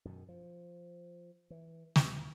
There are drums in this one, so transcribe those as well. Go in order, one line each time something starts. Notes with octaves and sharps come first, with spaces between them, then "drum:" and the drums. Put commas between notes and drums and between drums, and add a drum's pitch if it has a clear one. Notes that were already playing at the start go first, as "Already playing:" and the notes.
F#2 B2 D#3
F3
E3
D#2 A#2 E3, drum: snare